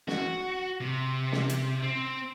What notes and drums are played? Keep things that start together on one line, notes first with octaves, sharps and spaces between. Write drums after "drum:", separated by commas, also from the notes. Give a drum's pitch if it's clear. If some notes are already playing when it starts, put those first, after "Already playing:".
F#4, drum: snare
C3
drum: snare
drum: hi-hat
C4